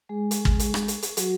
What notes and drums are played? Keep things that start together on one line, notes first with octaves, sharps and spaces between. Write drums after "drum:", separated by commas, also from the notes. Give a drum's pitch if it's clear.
G#3 G#4
drum: hi-hat
drum: kick
drum: hi-hat
drum: rim click
drum: hi-hat
drum: hi-hat
F#3 F#4, drum: hi-hat